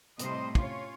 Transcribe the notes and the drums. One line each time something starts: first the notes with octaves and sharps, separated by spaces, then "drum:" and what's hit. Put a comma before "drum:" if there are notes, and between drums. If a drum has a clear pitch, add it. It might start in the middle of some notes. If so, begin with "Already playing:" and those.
A2 C3 G3 C5 D#5, drum: hi-hat
C#4 F4 C#5, drum: kick